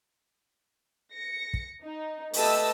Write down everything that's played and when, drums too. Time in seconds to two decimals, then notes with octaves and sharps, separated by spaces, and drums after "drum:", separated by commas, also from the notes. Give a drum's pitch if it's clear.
1.13 A#6 C#7
1.54 drum: kick
1.82 D#4
2.33 A3 G4 B4 D#5 A5 E6, drum: open hi-hat